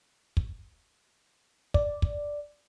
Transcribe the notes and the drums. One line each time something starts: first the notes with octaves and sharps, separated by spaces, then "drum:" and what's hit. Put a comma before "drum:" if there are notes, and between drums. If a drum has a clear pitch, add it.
drum: kick
D5, drum: kick
drum: kick